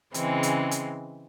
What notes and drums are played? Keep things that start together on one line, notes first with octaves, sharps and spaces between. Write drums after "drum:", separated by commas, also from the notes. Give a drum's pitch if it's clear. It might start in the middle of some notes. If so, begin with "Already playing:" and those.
C#3 E3 G#3 C4, drum: hi-hat
drum: hi-hat
drum: hi-hat